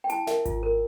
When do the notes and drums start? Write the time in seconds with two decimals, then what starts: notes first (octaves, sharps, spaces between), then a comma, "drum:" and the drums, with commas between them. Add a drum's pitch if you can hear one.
0.04 G5
0.10 E4 A5, drum: hi-hat
0.27 A#4 E5, drum: snare
0.45 F4, drum: kick G#1, hi-hat
0.63 A#4